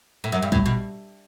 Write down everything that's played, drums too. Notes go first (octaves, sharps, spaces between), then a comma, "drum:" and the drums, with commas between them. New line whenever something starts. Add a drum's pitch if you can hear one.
A2
F#2
G2
A2, drum: kick
B2